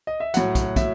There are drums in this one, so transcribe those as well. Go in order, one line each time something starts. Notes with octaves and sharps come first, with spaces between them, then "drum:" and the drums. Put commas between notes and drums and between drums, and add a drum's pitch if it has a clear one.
D#5
E5
A2 F#3 F#5, drum: hi-hat
drum: kick, hi-hat
A2 F#3 E5, drum: kick, hi-hat